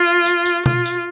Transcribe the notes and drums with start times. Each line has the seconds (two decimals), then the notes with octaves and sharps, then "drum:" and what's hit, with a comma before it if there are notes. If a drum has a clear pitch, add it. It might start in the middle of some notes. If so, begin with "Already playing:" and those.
Already playing: F4
0.26 drum: tambourine
0.46 drum: tambourine
0.66 F4, drum: tom B2
0.86 drum: tambourine